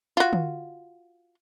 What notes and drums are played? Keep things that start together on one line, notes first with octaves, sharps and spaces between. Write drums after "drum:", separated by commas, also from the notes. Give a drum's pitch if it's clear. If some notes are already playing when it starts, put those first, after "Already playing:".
F4 F#4
drum: tom